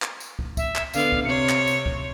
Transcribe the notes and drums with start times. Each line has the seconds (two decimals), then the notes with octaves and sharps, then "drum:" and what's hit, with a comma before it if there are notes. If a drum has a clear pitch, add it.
0.02 drum: clap
0.20 drum: tambourine
0.39 drum: kick
0.57 E5, drum: kick, tambourine
0.76 drum: clap
0.93 D3 B3 F5, drum: tambourine
1.12 drum: kick
1.25 C3 C4 C#5 C#7
1.49 drum: clap
1.67 drum: tambourine
1.86 drum: kick